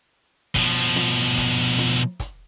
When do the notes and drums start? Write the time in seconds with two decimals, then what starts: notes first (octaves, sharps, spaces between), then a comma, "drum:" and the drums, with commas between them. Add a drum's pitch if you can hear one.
0.55 B2 F3, drum: kick, hi-hat
0.96 drum: snare
1.37 drum: kick, hi-hat
1.78 drum: snare
2.20 drum: kick, hi-hat